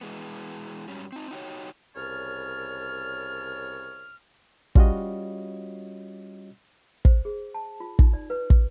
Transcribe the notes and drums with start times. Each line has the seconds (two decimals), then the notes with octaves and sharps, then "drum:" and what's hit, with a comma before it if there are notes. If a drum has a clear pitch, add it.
0.01 E3 G#3 B3
0.88 G#2 F#3 G3 C#4
1.12 C4 D#4
1.31 D#4 F#4 G4 B4 C#5
1.95 C2 C#3 A#4 C#5 A5 F6
4.75 G3 C#4 F4 F#4 C#5 D#5, drum: kick
7.05 C5, drum: kick
7.25 G#4
7.54 A5
7.80 F4
7.99 D#4, drum: kick
8.13 D5
8.30 B4
8.50 drum: kick